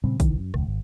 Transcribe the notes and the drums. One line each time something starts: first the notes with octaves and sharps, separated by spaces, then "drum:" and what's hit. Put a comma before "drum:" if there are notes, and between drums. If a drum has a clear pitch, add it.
A#2 C#3 G3 C4
C2 D#3 E3, drum: kick, hi-hat
F#2
E1 C#2, drum: rim click
G#1